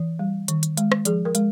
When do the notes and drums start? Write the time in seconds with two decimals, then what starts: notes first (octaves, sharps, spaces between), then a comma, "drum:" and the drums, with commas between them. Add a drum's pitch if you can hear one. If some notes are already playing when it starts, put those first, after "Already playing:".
Already playing: E3
0.19 G3
0.48 D#3, drum: hi-hat
0.63 drum: hi-hat
0.77 G#3, drum: hi-hat
0.92 drum: rim click
1.05 F3 G#4, drum: hi-hat
1.25 A#4
1.35 G#3, drum: hi-hat